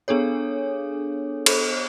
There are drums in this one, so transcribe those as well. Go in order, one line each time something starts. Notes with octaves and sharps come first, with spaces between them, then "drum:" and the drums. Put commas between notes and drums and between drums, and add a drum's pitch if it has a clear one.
B3 D4 G#4 A4 C#5
drum: cymbal